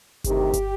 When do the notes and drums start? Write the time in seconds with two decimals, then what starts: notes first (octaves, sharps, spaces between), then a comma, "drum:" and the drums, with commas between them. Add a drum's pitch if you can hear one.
0.24 D2 C3 D#3 G4, drum: kick G1, hi-hat
0.53 drum: kick G1, hi-hat